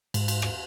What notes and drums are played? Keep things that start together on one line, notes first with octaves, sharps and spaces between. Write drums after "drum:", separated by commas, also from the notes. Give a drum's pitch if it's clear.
G#2, drum: cymbal
drum: cymbal
drum: rim click